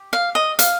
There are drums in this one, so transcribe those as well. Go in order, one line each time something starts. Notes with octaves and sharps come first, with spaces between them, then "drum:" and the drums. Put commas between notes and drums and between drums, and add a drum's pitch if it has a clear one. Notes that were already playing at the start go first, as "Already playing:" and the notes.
Already playing: G4
F5
D#5
F5, drum: hi-hat